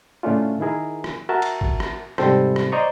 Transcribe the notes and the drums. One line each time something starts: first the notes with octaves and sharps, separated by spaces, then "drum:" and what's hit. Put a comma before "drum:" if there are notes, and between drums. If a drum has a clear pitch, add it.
A2 C#3 A3 C#4 D4 F4
D#3 E4 G#4 A#4
drum: rim click
F#4 A#4 E5 A5
drum: cymbal
drum: kick
drum: rim click
G#2 C3 G3 C4 A4 C5, drum: rim click
drum: rim click
C5 D5 D#5 A#5 C#6